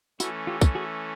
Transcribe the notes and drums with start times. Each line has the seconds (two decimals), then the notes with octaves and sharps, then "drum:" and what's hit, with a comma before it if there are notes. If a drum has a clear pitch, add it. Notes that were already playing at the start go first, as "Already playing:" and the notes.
0.20 E3 A3 C#4 E4 F#4, drum: tambourine
0.47 F4 G4
0.61 drum: kick, tambourine
0.75 F#4 G#4